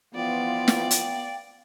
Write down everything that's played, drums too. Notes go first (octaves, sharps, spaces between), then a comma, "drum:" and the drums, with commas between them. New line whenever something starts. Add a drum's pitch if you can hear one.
E3 F3 B3 F4 D5 F5 G5
drum: snare
drum: hi-hat